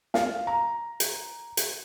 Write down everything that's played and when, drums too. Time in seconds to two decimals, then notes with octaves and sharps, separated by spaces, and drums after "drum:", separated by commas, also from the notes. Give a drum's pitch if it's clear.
0.14 F5, drum: snare
0.47 A#5
1.00 drum: hi-hat
1.57 drum: hi-hat